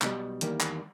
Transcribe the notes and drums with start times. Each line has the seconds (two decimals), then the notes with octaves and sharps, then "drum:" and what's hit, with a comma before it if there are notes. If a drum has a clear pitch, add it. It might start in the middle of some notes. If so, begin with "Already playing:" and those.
0.02 B1 B2 G3, drum: clap
0.41 E2 D#3 G3 A#3, drum: hi-hat
0.61 drum: clap